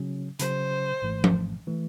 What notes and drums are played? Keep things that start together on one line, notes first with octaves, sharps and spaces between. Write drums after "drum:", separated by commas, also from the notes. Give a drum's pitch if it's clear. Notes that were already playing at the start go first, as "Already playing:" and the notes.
Already playing: C#3 F#3 C#4
C#3 F#3 C#4 C5, drum: hi-hat
G#1 G#2 E3 A3
drum: tom F3
E3 A3